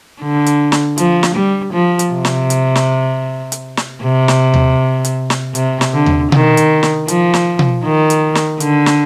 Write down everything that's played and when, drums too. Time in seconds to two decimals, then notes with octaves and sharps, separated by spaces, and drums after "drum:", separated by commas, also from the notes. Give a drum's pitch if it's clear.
0.21 D3
0.46 drum: hi-hat
0.72 drum: snare
0.98 F3, drum: hi-hat
1.23 drum: snare
1.35 G3
1.74 F3
1.99 drum: hi-hat
2.12 C3
2.25 drum: snare
2.50 drum: hi-hat
2.75 drum: snare
3.52 drum: hi-hat
3.77 drum: snare
4.02 C3
4.28 drum: snare
4.54 drum: tom D#2
5.05 drum: hi-hat
5.30 drum: snare
5.55 C3, drum: hi-hat
5.81 drum: snare
5.94 D3
6.06 drum: tom D#2
6.32 D#3, drum: tom B2
6.57 drum: hi-hat
6.83 drum: snare
7.08 F3, drum: hi-hat
7.34 drum: snare
7.59 drum: tom B2
7.84 D#3
8.10 drum: hi-hat
8.35 drum: snare
8.60 D3, drum: hi-hat
8.86 drum: snare